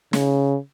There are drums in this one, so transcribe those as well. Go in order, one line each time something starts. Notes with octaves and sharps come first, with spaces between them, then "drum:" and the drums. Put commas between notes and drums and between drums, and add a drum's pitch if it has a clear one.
C#3, drum: snare